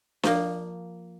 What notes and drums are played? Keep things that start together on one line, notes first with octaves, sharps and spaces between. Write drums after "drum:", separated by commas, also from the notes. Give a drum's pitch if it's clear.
F3 A#3, drum: snare D4